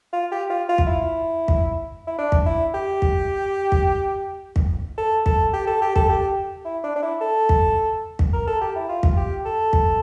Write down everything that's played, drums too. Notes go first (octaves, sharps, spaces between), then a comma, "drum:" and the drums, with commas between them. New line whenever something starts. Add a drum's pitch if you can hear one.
F4
G4
F4
F4
drum: kick
E4
drum: kick
E4
D4
drum: kick
E4
G4
drum: kick
drum: kick
drum: kick
A4
A4, drum: kick
G4
A4
G4
A4, drum: kick
G4
E4
D4
D4
E4
A4
drum: kick
drum: kick
A#4
A4
G4
E4
F4
drum: kick
G4
A4
drum: kick